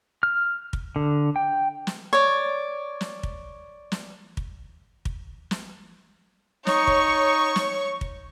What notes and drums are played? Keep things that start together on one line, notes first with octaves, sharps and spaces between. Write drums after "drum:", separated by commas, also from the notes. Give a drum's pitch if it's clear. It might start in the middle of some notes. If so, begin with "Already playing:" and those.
F6
drum: kick
D3
G5
drum: snare
C#5 D5
drum: snare
drum: kick
drum: snare
drum: kick
drum: kick
drum: snare
D#4 C#5 C#6, drum: snare
drum: kick
drum: snare
drum: kick